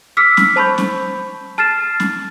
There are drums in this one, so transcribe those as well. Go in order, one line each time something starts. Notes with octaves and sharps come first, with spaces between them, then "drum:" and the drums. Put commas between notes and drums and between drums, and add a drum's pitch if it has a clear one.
D6 E6 F6 B6 C#7
drum: snare
C5 A5 B5 C#6 G6
drum: snare
A5 F6 A6 C7 E7
drum: snare